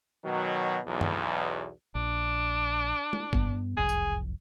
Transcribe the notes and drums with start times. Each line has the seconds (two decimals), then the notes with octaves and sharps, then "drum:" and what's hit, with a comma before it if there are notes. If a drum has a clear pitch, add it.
0.25 B2 D#3 F#3
0.87 B1 E2
1.01 drum: tom
1.95 A#1 D4
3.13 drum: tom
3.33 G2 B3, drum: kick G1
3.77 F#1 C2 F2 G#4
3.89 drum: tambourine